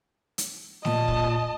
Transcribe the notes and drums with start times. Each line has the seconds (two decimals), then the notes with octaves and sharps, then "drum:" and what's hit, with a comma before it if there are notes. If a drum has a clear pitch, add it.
0.38 drum: hi-hat
0.85 A#2 D#5 A5, drum: snare A3
1.08 drum: kick